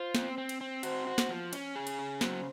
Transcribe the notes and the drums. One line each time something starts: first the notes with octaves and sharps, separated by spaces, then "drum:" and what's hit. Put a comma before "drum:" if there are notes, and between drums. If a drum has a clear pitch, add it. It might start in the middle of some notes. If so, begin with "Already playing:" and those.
Already playing: F4 C5
C4, drum: snare
C4
drum: cymbal
C4
F#4 C5, drum: cymbal
F#4
drum: snare
F3
C#4, drum: cymbal
G#4
drum: cymbal
C#3
F#3 C5, drum: snare